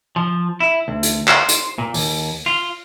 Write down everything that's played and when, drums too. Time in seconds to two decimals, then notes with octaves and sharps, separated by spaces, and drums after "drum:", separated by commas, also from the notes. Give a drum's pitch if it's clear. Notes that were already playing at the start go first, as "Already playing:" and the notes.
0.16 F3
0.60 E4
0.88 D2
1.03 drum: hi-hat
1.28 C5, drum: clap
1.49 drum: hi-hat
1.78 A#2
1.94 D#2, drum: open hi-hat
2.46 F4